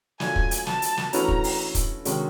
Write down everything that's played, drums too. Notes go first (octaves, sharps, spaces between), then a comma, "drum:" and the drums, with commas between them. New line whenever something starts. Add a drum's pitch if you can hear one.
F#3 A3 D4 F4 G#5, drum: snare
drum: kick
drum: hi-hat
A5, drum: snare
drum: hi-hat
drum: snare
E3 A3 C#4 F#4 B4 A#5, drum: hi-hat
drum: kick
drum: open hi-hat
drum: kick, hi-hat
C3 D#3 G#3 C#4 F#4, drum: hi-hat